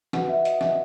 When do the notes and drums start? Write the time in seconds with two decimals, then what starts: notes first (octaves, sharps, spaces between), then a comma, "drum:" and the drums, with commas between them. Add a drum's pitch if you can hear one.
0.13 D#4 F#4 B4 F#5, drum: snare
0.29 E5
0.45 D#5, drum: hi-hat
0.61 E5, drum: snare